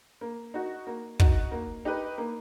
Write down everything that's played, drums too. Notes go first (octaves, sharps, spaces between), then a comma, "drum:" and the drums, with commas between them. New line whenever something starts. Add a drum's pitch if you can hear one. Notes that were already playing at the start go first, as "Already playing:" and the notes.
A#3
D#4 F#4
A#3
D#4 F#4, drum: kick
A#3
D#4 G4 B4
A#3